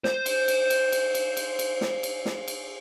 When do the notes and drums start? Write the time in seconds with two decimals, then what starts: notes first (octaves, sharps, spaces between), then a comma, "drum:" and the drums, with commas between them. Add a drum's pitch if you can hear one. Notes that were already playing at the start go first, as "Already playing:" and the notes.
0.04 C5, drum: snare
0.26 drum: cymbal
0.48 drum: cymbal
0.70 drum: cymbal
0.92 drum: cymbal
1.15 drum: cymbal
1.37 drum: cymbal
1.59 drum: cymbal
1.81 drum: snare
2.03 drum: cymbal
2.25 drum: snare
2.48 drum: cymbal